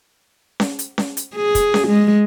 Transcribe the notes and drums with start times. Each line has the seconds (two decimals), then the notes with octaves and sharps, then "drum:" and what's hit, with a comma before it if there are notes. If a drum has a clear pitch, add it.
0.60 drum: snare C#4
0.79 drum: hi-hat
0.98 drum: snare C#4
1.17 drum: hi-hat
1.36 G#4
1.55 drum: kick, hi-hat
1.74 drum: snare C#4
1.88 G#3